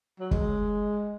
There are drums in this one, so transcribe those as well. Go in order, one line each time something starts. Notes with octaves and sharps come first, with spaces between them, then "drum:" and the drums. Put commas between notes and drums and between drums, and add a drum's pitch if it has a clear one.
F#3
G#3, drum: kick